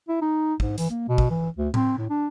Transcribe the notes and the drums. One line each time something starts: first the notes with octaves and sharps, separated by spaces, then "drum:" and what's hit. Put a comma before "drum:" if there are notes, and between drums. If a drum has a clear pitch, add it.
E4
D#4
G#2, drum: kick
E3, drum: hi-hat
A#3
B2
drum: kick
E3
D2
C4, drum: tom A2
A2
D4